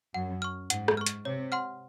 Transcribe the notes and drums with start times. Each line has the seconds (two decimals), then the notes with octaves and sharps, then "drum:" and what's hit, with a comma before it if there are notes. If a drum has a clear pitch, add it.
0.14 F#2 F#5
0.42 C#6 F6
0.70 G#2 F#5, drum: hi-hat
0.88 drum: rim click
0.97 C#6 F6
1.06 drum: hi-hat
1.25 C3 C#5
1.52 F#5 C6 F6